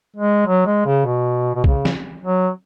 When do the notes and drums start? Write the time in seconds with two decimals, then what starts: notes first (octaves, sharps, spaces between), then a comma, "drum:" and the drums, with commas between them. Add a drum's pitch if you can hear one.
0.16 G#3
0.47 F#3
0.66 G#3
0.86 C#3
1.05 B2
1.55 B2
1.64 C#3, drum: kick
1.85 drum: snare
2.23 F#3